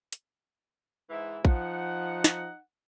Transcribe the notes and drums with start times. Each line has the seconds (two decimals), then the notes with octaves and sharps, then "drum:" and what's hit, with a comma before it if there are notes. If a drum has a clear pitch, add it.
0.13 drum: hi-hat
1.10 G#2 E3 E4
1.45 F3 D#4 F#5, drum: kick A#1
2.24 drum: snare